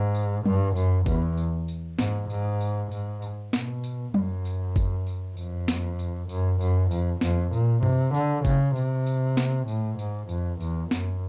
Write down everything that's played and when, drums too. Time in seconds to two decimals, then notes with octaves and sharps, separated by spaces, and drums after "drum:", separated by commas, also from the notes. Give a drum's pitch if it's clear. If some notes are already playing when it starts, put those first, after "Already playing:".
Already playing: G#2
0.15 drum: tambourine
0.46 G2, drum: tom F#3
0.76 F#2, drum: tambourine
1.06 E2, drum: kick G1, tambourine
1.38 drum: tambourine
1.68 drum: tambourine
1.99 G#2, drum: snare
2.30 G#2, drum: tambourine
2.61 drum: tambourine
2.92 G#2, drum: tambourine
3.22 drum: tambourine
3.53 B2, drum: snare
3.84 drum: tambourine
4.14 F#2, drum: tom F#3
4.45 drum: tambourine
4.76 drum: kick G1, tambourine
5.07 drum: tambourine
5.37 F2, drum: tambourine
5.68 drum: snare
5.99 drum: tambourine
6.29 F#2, drum: tambourine
6.61 F#2, drum: tambourine
6.91 F2, drum: tambourine
7.21 F2, drum: snare
7.53 A#2, drum: tambourine
7.83 C3, drum: tom F#2
8.14 D3, drum: tambourine
8.45 C#3, drum: kick G1, tambourine
8.76 C3, drum: tambourine
9.06 drum: tambourine
9.37 drum: snare
9.68 A2, drum: tambourine
9.99 G#2, drum: tambourine
10.29 F2, drum: tambourine
10.61 E2, drum: tambourine
10.91 F#2, drum: snare